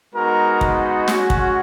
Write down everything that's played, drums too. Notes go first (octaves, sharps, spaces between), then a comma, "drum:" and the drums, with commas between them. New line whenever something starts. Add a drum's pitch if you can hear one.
G#3 B3 D#4 F#4 A#4
drum: kick
G#3 C#4 F#4, drum: snare
drum: kick